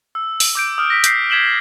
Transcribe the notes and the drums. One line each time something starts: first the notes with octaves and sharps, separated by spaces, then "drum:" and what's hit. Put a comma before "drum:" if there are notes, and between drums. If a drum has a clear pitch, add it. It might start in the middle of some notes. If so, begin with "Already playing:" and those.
E6
drum: open hi-hat
D6 G6 D7
D#6 F6
A#6 B6
G6 B6 C7, drum: hi-hat
D#6 G#6 B6 E7 F#7 G7